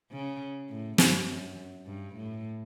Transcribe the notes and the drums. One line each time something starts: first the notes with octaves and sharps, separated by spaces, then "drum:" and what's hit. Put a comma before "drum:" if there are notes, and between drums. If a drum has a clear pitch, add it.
C#3
A2
G2, drum: snare
F#2
G2
A2